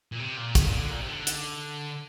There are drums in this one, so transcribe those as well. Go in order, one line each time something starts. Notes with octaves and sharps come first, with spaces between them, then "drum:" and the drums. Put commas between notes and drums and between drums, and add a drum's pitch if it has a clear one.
A#2
C3
A#2
A2, drum: kick, hi-hat
A#2
D3
A#2
C3
D3
drum: hi-hat